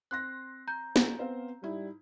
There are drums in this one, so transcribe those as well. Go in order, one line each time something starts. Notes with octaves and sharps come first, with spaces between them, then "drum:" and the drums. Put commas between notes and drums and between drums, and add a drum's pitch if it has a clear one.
C4 C6 F#6 A#6
A#5 G6
drum: snare
B3 C4 C5 F5
G#2 G3 E4